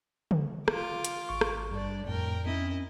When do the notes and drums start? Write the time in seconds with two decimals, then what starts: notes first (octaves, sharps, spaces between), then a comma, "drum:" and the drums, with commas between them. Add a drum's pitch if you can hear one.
0.31 drum: tom C#3
0.68 F4 D6, drum: rim click
1.05 drum: hi-hat
1.29 G#1 C#6
1.41 drum: rim click
1.71 G2 D4 D5
2.07 F2 A2 A#4 G5
2.46 C4 C#4 E4 D#5